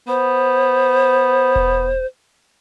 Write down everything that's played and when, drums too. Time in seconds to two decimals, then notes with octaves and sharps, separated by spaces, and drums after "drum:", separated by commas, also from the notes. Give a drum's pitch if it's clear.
0.08 B3 C5
1.56 drum: kick E1